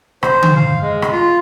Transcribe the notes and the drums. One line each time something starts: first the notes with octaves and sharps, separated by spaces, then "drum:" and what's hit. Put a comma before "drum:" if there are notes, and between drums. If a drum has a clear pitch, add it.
C5, drum: rim click
drum: tom D3
F5
G#3
drum: rim click
F4